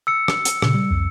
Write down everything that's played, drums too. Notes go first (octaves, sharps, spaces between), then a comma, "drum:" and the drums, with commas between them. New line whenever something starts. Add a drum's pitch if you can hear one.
E6 C#7
drum: rim click
drum: hi-hat
A#2 C#3, drum: rim click
G3
C2 F2